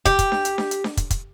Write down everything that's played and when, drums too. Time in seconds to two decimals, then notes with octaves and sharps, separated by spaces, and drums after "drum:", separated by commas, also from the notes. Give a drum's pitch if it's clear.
0.06 G4, drum: kick, hi-hat
0.19 drum: kick, hi-hat
0.32 drum: snare D4
0.45 drum: hi-hat
0.58 drum: snare D4
0.71 drum: hi-hat
0.84 drum: snare D4
0.97 drum: kick, hi-hat
1.10 drum: kick, hi-hat